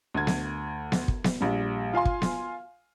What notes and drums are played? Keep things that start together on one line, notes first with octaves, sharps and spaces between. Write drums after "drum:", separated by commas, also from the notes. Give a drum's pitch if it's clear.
D2 G#6
drum: snare B3
drum: snare B3
drum: kick
drum: snare B3
A#1 G3
F4 F5 G#5 C6
drum: kick
drum: snare B3